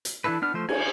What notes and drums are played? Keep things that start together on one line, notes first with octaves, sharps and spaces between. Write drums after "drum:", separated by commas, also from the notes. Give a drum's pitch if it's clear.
drum: hi-hat
E3 D4 E4 A4 B4
B3 D4 F6
F3 A3 C5
G#5, drum: cymbal